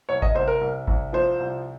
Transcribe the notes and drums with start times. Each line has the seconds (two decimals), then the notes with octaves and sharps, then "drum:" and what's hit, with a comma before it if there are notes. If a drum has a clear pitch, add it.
0.09 C2 C#5
0.22 D#5, drum: kick G#1
0.35 C2 C5
0.48 A#4
0.61 C2
0.87 C2, drum: kick G#1
1.13 F3 C5
1.40 C2